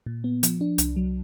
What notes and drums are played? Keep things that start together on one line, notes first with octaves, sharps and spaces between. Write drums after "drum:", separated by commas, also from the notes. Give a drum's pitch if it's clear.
A#2
B3
F3, drum: hi-hat
D4
C2, drum: hi-hat
F#3